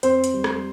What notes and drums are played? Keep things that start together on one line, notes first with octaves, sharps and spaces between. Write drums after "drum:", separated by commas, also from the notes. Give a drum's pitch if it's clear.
F2 C4 C5, drum: hi-hat
drum: hi-hat
G3
drum: rim click